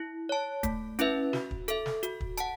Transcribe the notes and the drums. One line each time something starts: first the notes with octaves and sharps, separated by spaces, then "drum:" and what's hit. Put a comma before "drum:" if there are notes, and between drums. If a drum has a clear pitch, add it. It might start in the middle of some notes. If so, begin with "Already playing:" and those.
Already playing: E4
C#5 A5
A3, drum: kick, hi-hat
C#4 E4 B4 E5, drum: hi-hat
F#4, drum: snare
drum: kick
A4 E5, drum: hi-hat
drum: snare
F#4, drum: hi-hat
drum: kick
F#5 A5, drum: hi-hat